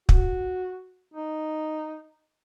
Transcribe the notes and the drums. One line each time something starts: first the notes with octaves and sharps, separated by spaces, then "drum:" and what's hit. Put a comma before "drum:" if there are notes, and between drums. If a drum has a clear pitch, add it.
F#4, drum: kick
D#4